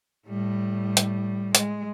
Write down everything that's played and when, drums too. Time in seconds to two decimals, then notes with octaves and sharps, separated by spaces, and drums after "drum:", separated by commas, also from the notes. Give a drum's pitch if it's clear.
0.27 A2 G3
0.97 drum: hi-hat
1.55 G#3, drum: hi-hat